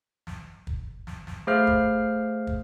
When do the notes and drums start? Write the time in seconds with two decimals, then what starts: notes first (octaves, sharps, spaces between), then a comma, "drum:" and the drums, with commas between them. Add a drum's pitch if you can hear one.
0.27 drum: snare
0.67 drum: kick
1.07 drum: snare
1.27 drum: snare
1.47 A3 G#4 C5 F5 F6
1.67 drum: kick
2.47 drum: kick